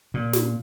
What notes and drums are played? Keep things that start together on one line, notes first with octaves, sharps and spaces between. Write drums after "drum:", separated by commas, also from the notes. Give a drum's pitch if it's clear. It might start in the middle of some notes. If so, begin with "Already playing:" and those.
A#2
drum: snare